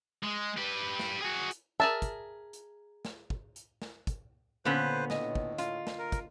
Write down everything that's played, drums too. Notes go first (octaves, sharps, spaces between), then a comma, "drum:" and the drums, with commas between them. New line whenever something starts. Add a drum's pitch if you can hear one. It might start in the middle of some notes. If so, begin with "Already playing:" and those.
G#3
G4 B4
drum: snare
F#4 G#4
drum: hi-hat
G#4 A#4 E5 A5
drum: kick, hi-hat
drum: hi-hat
drum: snare
drum: kick
drum: hi-hat
drum: snare
drum: kick, hi-hat
A#2 D3 B3 C#4 B4 C5
A2 D#5, drum: snare
drum: kick
A#3 F4, drum: hi-hat
drum: snare
A#4
drum: kick, hi-hat